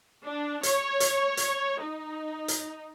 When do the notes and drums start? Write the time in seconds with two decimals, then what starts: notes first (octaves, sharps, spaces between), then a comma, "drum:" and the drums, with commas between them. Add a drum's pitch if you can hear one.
0.23 D4
0.63 C#5, drum: hi-hat
1.00 drum: hi-hat
1.37 drum: hi-hat
1.80 D#4
2.48 drum: hi-hat